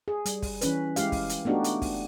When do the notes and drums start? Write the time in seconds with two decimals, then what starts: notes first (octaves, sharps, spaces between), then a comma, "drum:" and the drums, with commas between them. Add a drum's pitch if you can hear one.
0.08 G#4
0.26 G3, drum: hi-hat
0.42 drum: kick, open hi-hat
0.61 E3 C#4 B4, drum: hi-hat
0.96 G#3 E4 G4 F5, drum: hi-hat
1.12 drum: kick, open hi-hat
1.29 drum: hi-hat
1.45 A3 B3 D4 D#4 F#4 G4
1.64 drum: hi-hat
1.82 drum: kick, open hi-hat